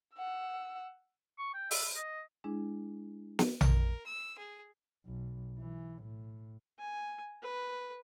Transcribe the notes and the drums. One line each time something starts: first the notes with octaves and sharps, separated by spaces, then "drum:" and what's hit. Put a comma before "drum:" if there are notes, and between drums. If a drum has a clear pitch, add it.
F#5 E6
C#6
G5
E5, drum: open hi-hat
D#5
G#3 D4 E4 G#4
drum: snare
A#4, drum: tom A#1
E6
G#4
B1
E3
A2
G#5
B4